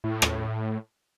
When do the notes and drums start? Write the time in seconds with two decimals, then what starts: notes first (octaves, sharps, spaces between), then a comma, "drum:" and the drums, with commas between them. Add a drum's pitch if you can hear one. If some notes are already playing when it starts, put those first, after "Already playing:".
0.04 A2
0.22 drum: rim click